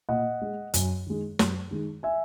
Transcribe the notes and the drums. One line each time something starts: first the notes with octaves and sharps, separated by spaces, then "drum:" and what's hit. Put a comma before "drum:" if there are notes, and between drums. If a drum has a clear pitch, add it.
A#2 D#5 F#5
G#3
F#2, drum: hi-hat
D#3 G#3
F#2, drum: snare
D#3 G#3
E5 G#5